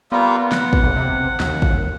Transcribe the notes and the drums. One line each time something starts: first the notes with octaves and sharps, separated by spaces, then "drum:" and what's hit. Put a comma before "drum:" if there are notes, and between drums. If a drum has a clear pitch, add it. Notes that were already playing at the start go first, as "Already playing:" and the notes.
G3 A#3 B3 F4
F#5, drum: snare
drum: kick
B1
C3
D#2, drum: snare
drum: kick